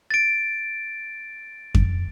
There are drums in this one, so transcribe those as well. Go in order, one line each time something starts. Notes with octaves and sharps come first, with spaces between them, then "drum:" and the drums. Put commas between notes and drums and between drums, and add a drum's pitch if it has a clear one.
A6 D7
drum: kick F2